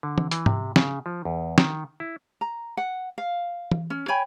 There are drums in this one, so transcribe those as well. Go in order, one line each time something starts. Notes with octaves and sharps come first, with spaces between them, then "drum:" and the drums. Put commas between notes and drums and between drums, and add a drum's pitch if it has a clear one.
D3
drum: tom E3
E3, drum: hi-hat
C3, drum: tom G#2
C#3, drum: snare
F3
E2
D#3, drum: snare
E4
A#5
F#5
F5
drum: tom E3
C#4
C#5 G5 G#5 B5